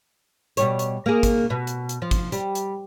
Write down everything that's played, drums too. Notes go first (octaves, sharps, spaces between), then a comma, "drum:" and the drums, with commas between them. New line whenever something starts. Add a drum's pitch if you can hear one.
B2 G3 C#5, drum: hi-hat
drum: hi-hat
A#3 G#4
drum: kick, hi-hat
B2
drum: hi-hat
drum: hi-hat
F3
drum: kick, hi-hat
G3, drum: hi-hat
drum: hi-hat